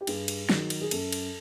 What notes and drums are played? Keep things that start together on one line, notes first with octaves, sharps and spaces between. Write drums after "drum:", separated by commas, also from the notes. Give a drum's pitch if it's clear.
G4
G2 G#4, drum: cymbal
drum: cymbal
D#3 F#3, drum: snare
drum: cymbal
G#4
F#2 A4, drum: cymbal
drum: cymbal